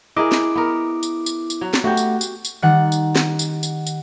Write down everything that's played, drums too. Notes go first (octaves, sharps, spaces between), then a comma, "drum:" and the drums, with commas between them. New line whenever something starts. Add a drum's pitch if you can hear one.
E4 G#4 A#4 D#5 D6
drum: snare
B3 A#4
drum: tambourine
drum: tambourine
drum: tambourine
F#3
drum: snare
A3 F#4 G4 F#5
drum: tambourine
drum: tambourine
drum: tambourine
D#3 G3 F#5
drum: tambourine
drum: snare
drum: tambourine
drum: tambourine
drum: tambourine